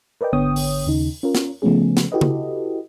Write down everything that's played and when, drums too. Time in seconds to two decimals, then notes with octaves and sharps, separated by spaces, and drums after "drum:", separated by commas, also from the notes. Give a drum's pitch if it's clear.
0.21 A#4 B4 D5 D#5 G5
0.33 G#1 D3 B3 C#5 G5 D#6
0.56 drum: open hi-hat
0.87 D#2 C#3 D#4
1.23 C#4 F4 A#4
1.35 drum: snare
1.62 C#3 F3 A3 B3 C#4 G#4
1.97 drum: snare
2.12 E4 F#4 G4 A4 B4 D#5
2.21 drum: tom C#3